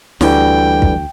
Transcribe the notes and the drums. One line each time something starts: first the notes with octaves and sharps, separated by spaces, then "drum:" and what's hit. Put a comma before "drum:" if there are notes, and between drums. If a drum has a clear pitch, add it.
D2 D3 E3 G3 G5, drum: snare
drum: kick